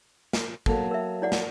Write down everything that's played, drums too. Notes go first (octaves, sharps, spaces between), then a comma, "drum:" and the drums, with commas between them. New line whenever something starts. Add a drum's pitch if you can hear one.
drum: snare
F#3 A#3 A4, drum: kick
A#4 E5
E4 D5 F#5
drum: snare